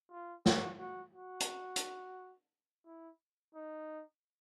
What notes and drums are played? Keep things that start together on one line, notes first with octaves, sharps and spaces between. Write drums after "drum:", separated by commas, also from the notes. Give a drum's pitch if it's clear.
F4
F#4, drum: snare
F#4
F#4
drum: hi-hat
drum: hi-hat
E4
D#4